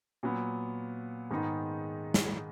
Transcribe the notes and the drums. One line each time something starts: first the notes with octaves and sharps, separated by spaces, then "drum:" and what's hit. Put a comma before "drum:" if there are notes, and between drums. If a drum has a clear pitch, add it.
A#2 F#3 B3
G#2 D#3 G#3 B3 D#4
drum: snare